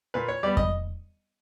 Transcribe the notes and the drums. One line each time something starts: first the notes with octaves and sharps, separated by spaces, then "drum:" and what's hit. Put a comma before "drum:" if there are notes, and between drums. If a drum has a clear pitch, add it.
A#2 B4
C#5
G3 B3 D5
D#5, drum: kick F2